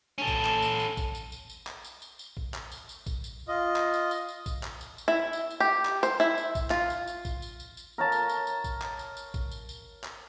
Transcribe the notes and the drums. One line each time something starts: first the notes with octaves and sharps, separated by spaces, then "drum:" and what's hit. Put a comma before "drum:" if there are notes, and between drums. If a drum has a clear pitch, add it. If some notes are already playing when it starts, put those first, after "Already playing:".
C#4 A4
drum: kick, tambourine
drum: clap
drum: tambourine
drum: tambourine
drum: kick, tambourine
drum: tambourine
drum: tambourine
drum: tambourine
drum: clap
drum: tambourine
drum: tambourine
drum: tambourine
drum: kick
drum: clap
drum: tambourine
drum: tambourine
drum: kick, tambourine
drum: tambourine
F4 D#5
drum: clap
drum: tambourine
drum: tambourine
drum: tambourine
drum: kick, tambourine
drum: clap
drum: tambourine
drum: tambourine
E4
drum: tambourine
drum: tambourine
G4
drum: clap
C5, drum: tambourine
E4, drum: tambourine
drum: tambourine
drum: kick, tambourine
F4, drum: clap
drum: tambourine
drum: tambourine
drum: kick, tambourine
drum: tambourine
drum: tambourine
drum: tambourine
A#4 C#5 A5
drum: tambourine
drum: tambourine
drum: tambourine
drum: kick, tambourine
drum: clap
drum: tambourine
drum: tambourine
drum: kick, tambourine
drum: tambourine
drum: tambourine
drum: clap